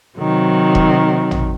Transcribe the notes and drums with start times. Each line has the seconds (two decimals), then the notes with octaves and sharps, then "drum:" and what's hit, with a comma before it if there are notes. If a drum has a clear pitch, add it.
0.19 C3 D#3 F#3
0.75 drum: kick E1
1.31 drum: tom